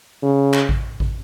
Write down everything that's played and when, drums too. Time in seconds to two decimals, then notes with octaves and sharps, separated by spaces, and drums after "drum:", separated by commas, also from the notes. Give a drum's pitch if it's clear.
0.23 C#3
0.54 drum: clap
0.69 drum: kick A1
1.00 drum: kick A1